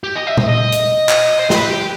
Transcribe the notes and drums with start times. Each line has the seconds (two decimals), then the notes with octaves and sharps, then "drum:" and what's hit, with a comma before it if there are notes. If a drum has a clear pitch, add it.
0.04 G4
0.15 D#5
0.27 E5
0.37 D#5, drum: tom
0.49 D#5
0.72 drum: hi-hat
1.09 drum: clap
1.39 C5
1.50 C5, drum: snare
1.54 B4
1.70 G4